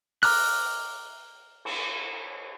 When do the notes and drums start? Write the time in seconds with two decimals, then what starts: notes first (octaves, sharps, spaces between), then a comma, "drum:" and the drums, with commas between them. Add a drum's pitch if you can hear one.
0.23 A#5 D6 F6 F#6, drum: open hi-hat
1.65 drum: cymbal